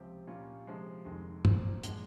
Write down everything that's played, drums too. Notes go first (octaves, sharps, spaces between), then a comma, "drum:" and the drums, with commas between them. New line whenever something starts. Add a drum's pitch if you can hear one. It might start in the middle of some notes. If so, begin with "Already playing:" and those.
Already playing: C#2 C3 F3 C4 G4
A#2 G3 C#4 F4
C3 F3 G#3
F1 F2 D#3 G#3
A#2 F3 C4, drum: tom
A#2 F3 G#3, drum: hi-hat